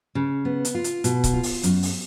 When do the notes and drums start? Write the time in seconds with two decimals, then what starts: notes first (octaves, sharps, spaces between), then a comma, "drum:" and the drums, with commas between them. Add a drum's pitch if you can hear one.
0.15 C#3
0.45 B3
0.65 drum: hi-hat
0.75 F4
0.84 drum: hi-hat
1.04 B2, drum: hi-hat
1.24 drum: kick C#1, hi-hat
1.34 F4
1.43 drum: open hi-hat
1.63 F#2, drum: hi-hat
1.83 drum: open hi-hat